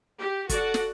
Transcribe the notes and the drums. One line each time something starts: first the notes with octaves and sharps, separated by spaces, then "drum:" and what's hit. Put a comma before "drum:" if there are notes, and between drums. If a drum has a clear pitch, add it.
G4
F#4 A4 D5 F#5, drum: kick, hi-hat
drum: snare